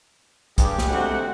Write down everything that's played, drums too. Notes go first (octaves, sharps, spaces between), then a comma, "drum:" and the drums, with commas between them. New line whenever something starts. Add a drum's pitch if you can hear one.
G2 G4 G#4, drum: kick, hi-hat
drum: snare
D2 G#3 C4 F#4 F#5